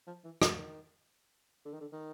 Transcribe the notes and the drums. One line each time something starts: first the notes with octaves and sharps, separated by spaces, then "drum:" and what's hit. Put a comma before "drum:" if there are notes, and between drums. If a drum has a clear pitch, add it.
F3
E3
D#3, drum: rim click
D3
D#3
D3
D#3